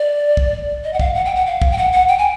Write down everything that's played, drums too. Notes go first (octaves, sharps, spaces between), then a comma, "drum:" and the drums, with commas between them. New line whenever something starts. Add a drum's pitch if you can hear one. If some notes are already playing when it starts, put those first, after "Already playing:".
Already playing: D5
drum: kick
D#5
F#5
F5, drum: kick
F#5
G5
F#5
F5
drum: kick
G5
F#5
F#5
G5
G#5